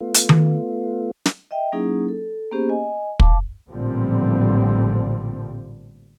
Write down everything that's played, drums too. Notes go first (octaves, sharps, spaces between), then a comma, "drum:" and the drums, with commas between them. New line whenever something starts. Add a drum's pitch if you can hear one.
A3 B3 F4
drum: hi-hat
drum: tom D#3
drum: snare
D#5 E5 G5
F#3 A#3 C#4 D#4 E4 G#4
A4
A#3 B3 C#4 G4 G#4 C5
D#5 G#5
F5 A5 D6, drum: kick
A1 A#2 D3 F3 G3 C4